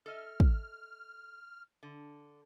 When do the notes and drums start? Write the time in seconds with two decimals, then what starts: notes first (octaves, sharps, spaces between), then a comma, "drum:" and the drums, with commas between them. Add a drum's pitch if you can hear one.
0.06 A4 D#5 E5 F6
0.40 drum: kick
1.83 D3